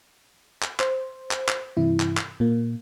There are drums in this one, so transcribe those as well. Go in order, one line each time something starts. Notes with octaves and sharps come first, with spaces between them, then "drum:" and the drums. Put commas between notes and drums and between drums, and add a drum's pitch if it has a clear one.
drum: clap
C5, drum: clap
drum: clap
drum: clap
G2 C3 E3 E4
drum: clap
drum: clap
A#2 A#3